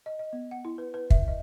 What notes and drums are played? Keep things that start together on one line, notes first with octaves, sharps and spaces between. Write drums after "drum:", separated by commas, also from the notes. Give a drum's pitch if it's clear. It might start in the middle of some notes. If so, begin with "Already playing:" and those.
D#5
D#5
B3
F#5
E4
B4
B4
E5, drum: kick
D#5